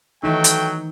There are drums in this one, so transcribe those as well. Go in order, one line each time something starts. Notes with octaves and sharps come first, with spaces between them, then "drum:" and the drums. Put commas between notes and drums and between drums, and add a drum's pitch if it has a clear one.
D#3 E3 F#3 A3 D#4 G5
drum: hi-hat